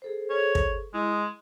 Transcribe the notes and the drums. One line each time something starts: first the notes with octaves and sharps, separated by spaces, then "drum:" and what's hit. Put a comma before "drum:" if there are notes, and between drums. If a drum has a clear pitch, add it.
G#4 A4 C5
C#5
drum: kick
G#3 E4
D#6